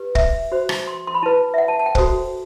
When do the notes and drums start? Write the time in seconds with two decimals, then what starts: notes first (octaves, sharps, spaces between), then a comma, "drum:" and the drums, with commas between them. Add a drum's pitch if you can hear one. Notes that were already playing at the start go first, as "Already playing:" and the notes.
Already playing: G4 B4
0.15 E5, drum: kick
0.52 F#4 C5
0.69 drum: rim click
0.88 C6
1.07 C6
1.15 B5
1.23 E4 B4 A5
1.54 E5
1.58 F#5
1.68 A5
1.79 A5
1.86 G5
1.95 F#4 A4 C5, drum: kick